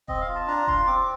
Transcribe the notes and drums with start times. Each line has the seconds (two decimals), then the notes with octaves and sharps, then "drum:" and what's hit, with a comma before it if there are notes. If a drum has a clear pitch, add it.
0.08 C4 D#5, drum: kick E1
0.21 F5
0.29 F4
0.35 A5
0.47 D4 A#5
0.68 F4 C6, drum: kick E1
0.87 C4 D6